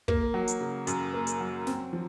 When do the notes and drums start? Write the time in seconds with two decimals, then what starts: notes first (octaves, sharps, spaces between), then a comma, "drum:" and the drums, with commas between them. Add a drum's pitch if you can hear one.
0.08 A#3, drum: kick
0.34 F#3
0.48 drum: hi-hat
0.60 C#3
0.87 F#2, drum: hi-hat
1.14 A#3
1.27 drum: hi-hat
1.40 F#3
1.67 C4, drum: snare
1.93 F3